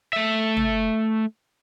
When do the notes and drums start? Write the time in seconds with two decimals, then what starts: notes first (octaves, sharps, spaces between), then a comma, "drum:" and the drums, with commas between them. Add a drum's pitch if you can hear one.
0.13 A3 E5
0.57 drum: tom